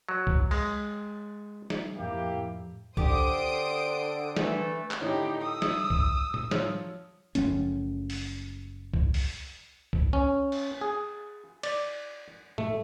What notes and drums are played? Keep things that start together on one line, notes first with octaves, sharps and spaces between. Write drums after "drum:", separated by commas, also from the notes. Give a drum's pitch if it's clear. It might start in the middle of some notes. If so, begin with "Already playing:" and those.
F#3
drum: kick C2
G#3, drum: cymbal
drum: snare
F2 A2 A#3 E4 G4
D3 G4 C5 D#6 D7, drum: kick C2
E3 A3, drum: snare
drum: clap
A2 D3 D#4 G4 C#5
D#6 E6
drum: snare
drum: kick C2
drum: tom A2
F3 C#5 F6, drum: snare
F#1 F3 A3 C#4, drum: hi-hat
drum: open hi-hat
drum: kick C2
drum: open hi-hat
drum: kick C2
C#4
drum: cymbal
G#4
D5, drum: cymbal
A3, drum: tom A2